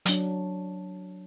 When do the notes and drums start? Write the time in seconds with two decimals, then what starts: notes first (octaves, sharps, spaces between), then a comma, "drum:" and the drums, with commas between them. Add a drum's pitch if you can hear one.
0.06 F#3 D4, drum: hi-hat